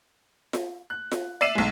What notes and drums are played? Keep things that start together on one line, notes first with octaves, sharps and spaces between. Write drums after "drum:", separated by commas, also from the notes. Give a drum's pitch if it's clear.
drum: snare F4
F#6
drum: snare F4
D5 E5 C7 D#7 E7
B1 G#3